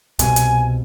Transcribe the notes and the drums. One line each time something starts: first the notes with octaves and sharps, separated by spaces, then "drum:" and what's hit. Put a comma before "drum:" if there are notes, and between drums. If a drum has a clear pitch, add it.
C2 B2 G#5, drum: hi-hat
drum: hi-hat